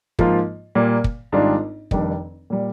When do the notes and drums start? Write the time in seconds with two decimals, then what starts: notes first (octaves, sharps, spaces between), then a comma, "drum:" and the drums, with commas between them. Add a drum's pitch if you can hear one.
0.19 G#2 F3 A#3 F4, drum: kick
0.75 A#2 G3 A#3
1.04 drum: kick
1.32 G#1 G#2 G3 D4 F4
1.91 F1 F2 D#3 G3 D4, drum: kick
2.50 A#2 G3